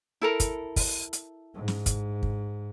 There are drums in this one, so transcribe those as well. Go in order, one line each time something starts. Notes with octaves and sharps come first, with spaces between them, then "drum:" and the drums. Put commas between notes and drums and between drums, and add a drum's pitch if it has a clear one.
E4 A4 A#4
drum: kick, hi-hat
drum: kick, open hi-hat
drum: hi-hat
G#2
drum: snare
drum: kick, hi-hat
drum: kick